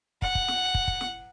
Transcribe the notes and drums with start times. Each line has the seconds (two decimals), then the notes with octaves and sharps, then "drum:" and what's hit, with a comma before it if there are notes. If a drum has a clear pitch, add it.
0.22 F#5, drum: kick
0.35 drum: kick
0.48 drum: snare
0.75 drum: kick
0.88 drum: kick
1.01 drum: snare